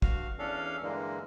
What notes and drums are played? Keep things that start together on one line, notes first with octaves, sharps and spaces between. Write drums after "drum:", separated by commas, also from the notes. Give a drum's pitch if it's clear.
G2 F#4 F5, drum: kick
E2 C#4 D4 A4 F5
G2 D3 E3 G#3 A#3